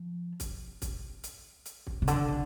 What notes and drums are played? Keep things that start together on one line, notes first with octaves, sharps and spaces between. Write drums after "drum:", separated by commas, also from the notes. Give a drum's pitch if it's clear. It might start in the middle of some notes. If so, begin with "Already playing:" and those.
Already playing: F3
drum: kick, hi-hat
drum: kick, hi-hat
drum: hi-hat
drum: hi-hat
drum: kick
C3
D3, drum: hi-hat
drum: kick